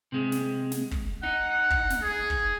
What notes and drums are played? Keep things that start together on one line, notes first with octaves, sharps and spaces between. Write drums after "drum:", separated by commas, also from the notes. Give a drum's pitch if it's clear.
C3 G#3
drum: snare
drum: snare
drum: kick
D#4 F#5
drum: kick
drum: snare
G#4
drum: kick